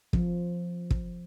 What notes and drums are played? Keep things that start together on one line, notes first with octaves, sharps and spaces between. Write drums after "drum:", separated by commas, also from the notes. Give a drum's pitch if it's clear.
F3, drum: kick
drum: kick